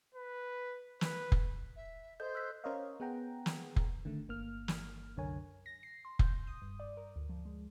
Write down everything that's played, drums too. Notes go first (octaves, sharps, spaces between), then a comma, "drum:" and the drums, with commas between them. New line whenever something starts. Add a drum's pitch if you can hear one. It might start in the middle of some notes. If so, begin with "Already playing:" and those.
B4
B4, drum: snare
drum: kick F1
E5
A4 C5 D#5 G6
E6 F#6 B6
C#4 A#4 C5 C#5 D#5 F5
B3 G#4 F#5 G5 A#5
drum: snare
drum: kick F1
D3 D#3 A3
G1 A#3 F6
drum: snare
C2 F#2 D3 A#4 C#5 G#5
A#6
C7
C6
G6, drum: kick F1
D#6
G2
D5
A#4
D2
F3
G#3